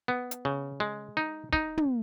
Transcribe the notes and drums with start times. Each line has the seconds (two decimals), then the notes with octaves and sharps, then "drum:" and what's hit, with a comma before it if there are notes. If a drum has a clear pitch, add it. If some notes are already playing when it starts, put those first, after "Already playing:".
0.08 B3
0.31 drum: hi-hat
0.45 C#3
0.80 G#3
1.17 D#4
1.53 D#4, drum: kick
1.77 drum: tom